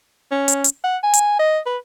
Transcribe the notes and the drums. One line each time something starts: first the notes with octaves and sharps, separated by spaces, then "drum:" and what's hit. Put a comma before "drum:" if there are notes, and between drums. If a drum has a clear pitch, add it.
C#4
drum: hi-hat
drum: hi-hat
F#5
G#5
drum: hi-hat
D#5
B4